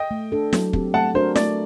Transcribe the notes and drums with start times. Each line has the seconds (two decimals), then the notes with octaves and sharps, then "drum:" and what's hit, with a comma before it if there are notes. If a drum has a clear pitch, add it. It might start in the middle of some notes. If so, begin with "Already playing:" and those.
Already playing: D#5 G5
0.11 A3
0.32 D4 A4
0.53 F#3, drum: snare
0.73 C4 G4, drum: kick
0.94 A3 F#5 A5
1.15 D4 F#4 A#4 C5
1.35 A3 D5, drum: snare